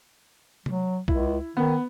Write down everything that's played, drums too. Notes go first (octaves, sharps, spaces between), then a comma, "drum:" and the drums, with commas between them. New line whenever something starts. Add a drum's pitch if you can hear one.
F#3, drum: tom
C#2 E4, drum: kick B1
D#3 B3